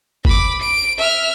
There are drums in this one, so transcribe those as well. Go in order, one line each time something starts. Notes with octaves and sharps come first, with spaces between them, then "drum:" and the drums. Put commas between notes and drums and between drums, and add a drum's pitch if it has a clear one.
B5 D6, drum: kick G1
D7
E5 F6